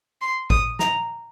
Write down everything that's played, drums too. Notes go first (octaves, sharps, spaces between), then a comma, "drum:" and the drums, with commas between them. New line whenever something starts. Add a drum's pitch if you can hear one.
C6
D#6, drum: kick
A#5, drum: snare